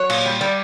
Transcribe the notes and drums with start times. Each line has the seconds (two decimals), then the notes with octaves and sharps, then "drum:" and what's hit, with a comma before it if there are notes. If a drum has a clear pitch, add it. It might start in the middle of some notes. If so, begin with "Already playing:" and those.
Already playing: F#3 C#5
0.10 A#2, drum: cymbal
0.26 G3
0.41 G3 D5